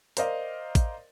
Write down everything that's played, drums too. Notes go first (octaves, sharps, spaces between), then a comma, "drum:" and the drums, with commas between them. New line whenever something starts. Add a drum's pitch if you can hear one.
A#4 C5 D5 D#5 F5, drum: hi-hat
drum: kick, hi-hat